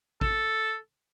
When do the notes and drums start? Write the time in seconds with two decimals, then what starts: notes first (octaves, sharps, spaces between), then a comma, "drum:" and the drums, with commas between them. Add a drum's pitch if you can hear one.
0.21 A4, drum: kick A1